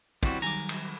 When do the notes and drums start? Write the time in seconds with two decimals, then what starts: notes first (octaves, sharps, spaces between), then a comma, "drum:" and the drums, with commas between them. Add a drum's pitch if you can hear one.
0.23 G3 C4 E4 F#4, drum: kick, cymbal
0.42 D#3 F#3 G3 G#5 A#5 D6
0.69 drum: cymbal